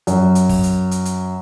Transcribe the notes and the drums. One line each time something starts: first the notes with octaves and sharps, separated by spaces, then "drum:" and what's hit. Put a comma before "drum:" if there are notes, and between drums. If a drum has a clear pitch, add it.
F#2, drum: hi-hat
drum: hi-hat
drum: kick, open hi-hat
drum: hi-hat
drum: hi-hat
drum: hi-hat